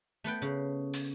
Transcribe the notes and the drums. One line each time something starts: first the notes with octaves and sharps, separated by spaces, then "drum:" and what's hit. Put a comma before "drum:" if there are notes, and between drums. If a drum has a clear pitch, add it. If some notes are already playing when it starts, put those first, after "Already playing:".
A3 B3 B4 G5
C#3
drum: open hi-hat